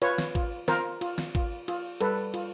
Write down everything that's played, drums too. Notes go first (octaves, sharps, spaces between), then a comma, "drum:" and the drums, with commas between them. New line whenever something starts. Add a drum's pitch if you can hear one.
F4 B4 C#5, drum: cymbal
drum: snare
F4, drum: kick, cymbal
F4 A#4 C5, drum: snare
F4, drum: cymbal
drum: snare
F4, drum: kick, cymbal
F4, drum: cymbal
G3 A4 B4, drum: cymbal
F4, drum: cymbal